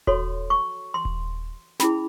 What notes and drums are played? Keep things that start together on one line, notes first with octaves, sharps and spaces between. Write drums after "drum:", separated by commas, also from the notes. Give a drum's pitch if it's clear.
F#4 A4 C#5 C6, drum: kick D#1
C#6
C6
drum: kick D#1
C#4 E4 G#4 B5, drum: snare